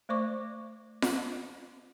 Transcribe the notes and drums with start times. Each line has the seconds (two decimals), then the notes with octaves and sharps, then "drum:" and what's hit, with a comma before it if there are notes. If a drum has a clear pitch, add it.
0.09 A3 C5 D5 C#6 D6
1.02 drum: snare F4